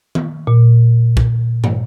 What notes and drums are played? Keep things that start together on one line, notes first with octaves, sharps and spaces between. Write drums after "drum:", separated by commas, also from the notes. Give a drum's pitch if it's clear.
drum: tom D#3
A#2
drum: kick
drum: tom